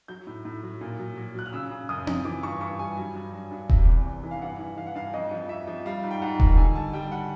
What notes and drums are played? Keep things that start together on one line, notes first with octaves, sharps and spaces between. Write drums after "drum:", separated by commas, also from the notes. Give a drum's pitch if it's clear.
F#3 G6
A2
A2
F#3
A#2
F#3
F#3
F#3 F#6
F6
C#3 E6
C#3
F#2 D#6
F3, drum: tom C4
E3 D6
G2 C#6
G2 C#6
G3 G#5
F#3
G2
F#3
G2
C3, drum: kick E1
E2
E2
E3
F5
G2 F#5
E3
E3 F5
F#5
G2 F5
F2 D#5
F3
F2 E5
F3
G3 F5
G#2
G5
G#2 F#5
D#3, drum: kick E1
D3 G#5
G3 A5
G3 G5
F#5